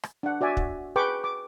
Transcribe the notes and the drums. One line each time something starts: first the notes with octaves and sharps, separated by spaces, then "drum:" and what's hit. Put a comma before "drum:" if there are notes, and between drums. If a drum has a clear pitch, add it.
drum: rim click
D4 F#5
F#4 D5 E5 G#5
drum: kick
G#4 B4 G5 B5 C#6 D6
D6